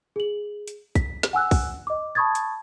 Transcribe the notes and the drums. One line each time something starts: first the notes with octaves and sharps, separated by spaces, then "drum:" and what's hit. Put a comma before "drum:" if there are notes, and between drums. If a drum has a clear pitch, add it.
G#4 F#7
drum: hi-hat
B6, drum: kick, hi-hat
drum: snare
F#5 G#5 E6 F#6
drum: kick, open hi-hat
D#5 D6
A5 B5 C#6 D#6 G#6 A6
drum: hi-hat